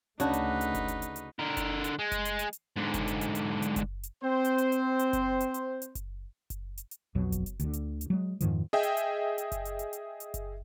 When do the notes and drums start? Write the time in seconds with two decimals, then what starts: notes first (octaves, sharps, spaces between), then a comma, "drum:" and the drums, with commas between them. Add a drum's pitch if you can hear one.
0.20 D2 C#3 A3 D4 D#4 F#4 B4, drum: hi-hat
0.33 drum: hi-hat
0.61 drum: hi-hat
0.75 drum: kick F#1, hi-hat
0.88 drum: hi-hat
1.02 drum: hi-hat
1.16 drum: hi-hat
1.39 D3 A#4
1.57 drum: kick F#1, hi-hat
1.84 drum: hi-hat
1.99 G#3
2.12 drum: kick F#1, hi-hat
2.25 drum: hi-hat
2.39 drum: hi-hat
2.53 drum: hi-hat
2.77 G#2 D3
2.94 drum: kick F#1, hi-hat
3.08 drum: hi-hat
3.21 drum: hi-hat
3.35 drum: hi-hat
3.62 drum: hi-hat
3.76 drum: kick F#1, hi-hat
4.03 drum: hi-hat
4.23 C4 C5
4.45 drum: hi-hat
4.58 drum: hi-hat
4.72 drum: hi-hat
4.99 drum: hi-hat
5.13 drum: kick F#1, hi-hat
5.40 drum: hi-hat
5.54 drum: hi-hat
5.82 drum: hi-hat
5.95 drum: kick F#1, hi-hat
6.50 drum: kick F#1, hi-hat
6.78 drum: hi-hat
6.91 drum: hi-hat
7.15 B1 F2 B2 F#3
7.32 drum: kick F#1, hi-hat
7.46 drum: hi-hat
7.60 D2 D3, drum: hi-hat
7.73 drum: hi-hat
8.01 drum: hi-hat
8.10 F#3 G#3
8.41 F2 G#2 D#3 F3, drum: hi-hat
8.73 G#4 D#5 E5 G5
8.83 drum: hi-hat
8.97 drum: hi-hat
9.38 drum: hi-hat
9.52 drum: kick F#1, hi-hat
9.65 drum: hi-hat
9.79 drum: hi-hat
9.93 drum: hi-hat
10.20 drum: hi-hat
10.34 drum: kick F#1, hi-hat